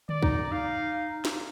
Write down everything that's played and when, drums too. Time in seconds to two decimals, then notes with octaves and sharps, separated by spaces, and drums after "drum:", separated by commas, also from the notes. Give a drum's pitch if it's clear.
0.09 D5, drum: tom D3
0.23 D#4, drum: kick
0.51 D#4 F5
1.25 drum: snare